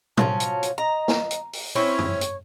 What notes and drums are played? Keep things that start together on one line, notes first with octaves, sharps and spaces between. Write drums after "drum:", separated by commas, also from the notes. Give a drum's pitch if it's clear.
F3 F#3 C#4 A5, drum: tom
drum: hi-hat
drum: hi-hat
D#5 A#5
drum: snare
drum: hi-hat
drum: open hi-hat
C4 C#4 E4 C#5
drum: tom F#2
drum: hi-hat